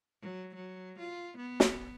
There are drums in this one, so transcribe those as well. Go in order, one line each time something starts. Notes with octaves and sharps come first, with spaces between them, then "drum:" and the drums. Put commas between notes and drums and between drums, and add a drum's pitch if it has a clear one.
F#3
F#3
F4
B3
drum: snare